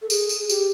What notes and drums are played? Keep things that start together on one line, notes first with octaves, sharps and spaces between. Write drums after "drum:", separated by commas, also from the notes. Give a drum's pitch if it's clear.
A4
G#4, drum: tambourine
drum: tambourine
G4, drum: tambourine